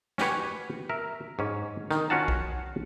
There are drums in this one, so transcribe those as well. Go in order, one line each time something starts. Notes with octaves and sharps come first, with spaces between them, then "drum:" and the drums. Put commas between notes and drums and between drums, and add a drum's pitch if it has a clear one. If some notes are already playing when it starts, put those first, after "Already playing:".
C#4 F#4 G4 B4 C#5, drum: snare
A#4 E5
G#2 C#4
D#3, drum: rim click
C#4 F4 F#4 F5 F#5 A5
drum: kick B1